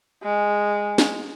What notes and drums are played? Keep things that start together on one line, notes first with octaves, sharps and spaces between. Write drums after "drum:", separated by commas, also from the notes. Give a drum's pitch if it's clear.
G#3
drum: snare